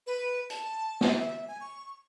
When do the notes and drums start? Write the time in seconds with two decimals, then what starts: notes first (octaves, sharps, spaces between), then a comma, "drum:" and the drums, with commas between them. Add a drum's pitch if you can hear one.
0.07 B4
0.50 A5, drum: hi-hat
1.01 drum: snare
1.16 E5
1.48 G#5
1.61 C#6